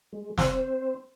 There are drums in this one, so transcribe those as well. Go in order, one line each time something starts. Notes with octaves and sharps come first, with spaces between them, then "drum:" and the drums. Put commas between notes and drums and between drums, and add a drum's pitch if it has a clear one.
G#3
C4 C5, drum: snare